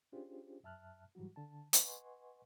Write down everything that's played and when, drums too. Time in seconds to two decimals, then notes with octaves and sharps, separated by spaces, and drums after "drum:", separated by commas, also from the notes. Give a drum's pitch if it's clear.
0.12 C#4 D4 F4 G4 G#4 C5
0.63 F#2 E5 A5 F6 F#6
1.15 G#2 E3 F#3 G3 F#4
1.36 D3 A5
1.73 B4 D#5 F#5 G#5 C6 C#6, drum: hi-hat